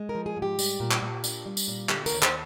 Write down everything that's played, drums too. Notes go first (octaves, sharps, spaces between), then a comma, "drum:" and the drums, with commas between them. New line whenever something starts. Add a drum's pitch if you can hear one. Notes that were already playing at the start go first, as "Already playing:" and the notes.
Already playing: G#3
A#4
F3
G#4
G#2
G4
G3, drum: tambourine
A#2
drum: clap
A#2
D4, drum: tambourine
G3
drum: tambourine
A#2
D3 G4, drum: clap
A#4, drum: tambourine
D#2
C5, drum: clap